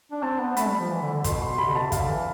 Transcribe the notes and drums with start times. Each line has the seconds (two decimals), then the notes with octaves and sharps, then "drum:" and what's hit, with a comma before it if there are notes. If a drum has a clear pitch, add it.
0.12 D4
0.23 C4 A5
0.40 B3
0.57 A3 B5, drum: hi-hat
0.68 G3
0.79 F3
0.91 E3
1.02 D3
1.13 D3
1.24 B2 C6, drum: kick, hi-hat
1.41 C6
1.58 C3 B5
1.66 D3
1.75 B2 A5
1.84 C3
1.92 D3 F5, drum: kick, hi-hat
2.09 E3